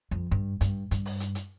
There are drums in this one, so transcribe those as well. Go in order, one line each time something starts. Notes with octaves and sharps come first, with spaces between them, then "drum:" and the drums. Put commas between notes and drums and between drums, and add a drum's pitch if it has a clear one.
F2
G2
G2, drum: hi-hat
G2, drum: hi-hat
drum: open hi-hat
drum: hi-hat
drum: hi-hat